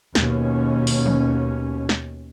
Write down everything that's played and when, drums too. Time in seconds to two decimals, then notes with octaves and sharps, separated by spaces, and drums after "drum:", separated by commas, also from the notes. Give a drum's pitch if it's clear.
0.15 D#2 B2 C#4, drum: snare
0.87 drum: open hi-hat
1.06 drum: tom
1.89 drum: snare